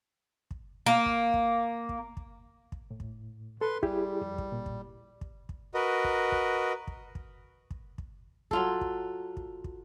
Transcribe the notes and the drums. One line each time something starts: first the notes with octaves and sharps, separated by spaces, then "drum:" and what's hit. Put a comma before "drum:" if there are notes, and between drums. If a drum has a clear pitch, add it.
drum: kick
A#3
drum: kick
drum: kick
drum: kick
drum: kick
drum: kick
A2
drum: kick
A4 B4 C6
G3 E4 G4 G#4, drum: kick
F2
drum: kick
A#2
drum: kick
drum: kick
drum: kick
F#4 A#4 B4 D#5
drum: kick
drum: kick
drum: kick
drum: kick
drum: kick
drum: kick
F#3 F4 A4, drum: kick
drum: kick
drum: kick
drum: kick